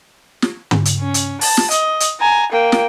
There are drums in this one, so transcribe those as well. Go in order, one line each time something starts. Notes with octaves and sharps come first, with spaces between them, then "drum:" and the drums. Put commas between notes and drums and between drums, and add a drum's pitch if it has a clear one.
drum: snare
drum: tom
drum: hi-hat
C#4
drum: hi-hat
A5, drum: open hi-hat
drum: snare
D#5, drum: hi-hat
drum: hi-hat
G#5 A#5
A#3 G5
drum: snare